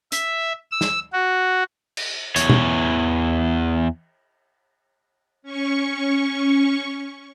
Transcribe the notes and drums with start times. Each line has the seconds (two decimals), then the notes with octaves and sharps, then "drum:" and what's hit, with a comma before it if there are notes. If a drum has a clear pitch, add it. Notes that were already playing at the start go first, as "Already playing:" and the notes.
0.12 E5, drum: hi-hat
0.71 E6
0.81 drum: snare
1.13 F#4
1.97 drum: cymbal
2.36 E2 C#5, drum: hi-hat
2.50 drum: tom B2
5.43 C#4 C#6